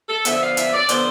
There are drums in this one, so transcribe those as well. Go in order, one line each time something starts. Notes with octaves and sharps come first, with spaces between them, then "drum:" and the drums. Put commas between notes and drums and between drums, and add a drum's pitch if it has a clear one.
A4
D3 F3 B3 E5, drum: hi-hat
E5
F5
E5, drum: hi-hat
D5
D3 F3 B3 C5, drum: hi-hat